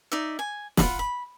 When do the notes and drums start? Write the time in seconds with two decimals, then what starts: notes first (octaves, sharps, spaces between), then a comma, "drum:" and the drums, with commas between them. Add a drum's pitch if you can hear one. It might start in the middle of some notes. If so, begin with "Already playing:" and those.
0.12 D#4 D5 E5
0.39 G#5
0.77 F4 A#4 F#5 B5, drum: snare
0.99 B5